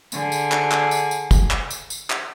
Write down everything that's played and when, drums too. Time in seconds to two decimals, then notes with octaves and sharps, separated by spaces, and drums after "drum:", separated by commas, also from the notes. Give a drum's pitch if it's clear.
0.12 D3 G#4, drum: tambourine
0.32 drum: tambourine
0.52 drum: clap
0.71 drum: clap
0.91 drum: tambourine
1.11 drum: tambourine
1.31 drum: kick, tambourine
1.51 drum: clap
1.70 drum: tambourine
1.90 drum: tambourine
2.10 drum: clap